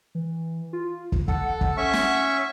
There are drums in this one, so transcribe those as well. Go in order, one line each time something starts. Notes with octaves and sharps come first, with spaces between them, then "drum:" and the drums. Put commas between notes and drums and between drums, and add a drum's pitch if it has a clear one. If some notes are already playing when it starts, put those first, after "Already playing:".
E3
F4
drum: kick
A4 F#5, drum: kick
drum: kick
C#4 E5 C#6
drum: snare